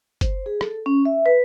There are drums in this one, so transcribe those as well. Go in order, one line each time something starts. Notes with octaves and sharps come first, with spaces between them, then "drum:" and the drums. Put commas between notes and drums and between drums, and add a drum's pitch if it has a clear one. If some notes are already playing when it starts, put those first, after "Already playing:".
C5, drum: kick, hi-hat
G#4
A4, drum: rim click
C#4
E5
B4